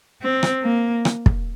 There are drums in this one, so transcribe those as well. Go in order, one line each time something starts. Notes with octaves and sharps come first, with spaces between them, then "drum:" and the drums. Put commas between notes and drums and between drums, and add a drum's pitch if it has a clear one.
C4
drum: rim click
A#3
drum: rim click
drum: kick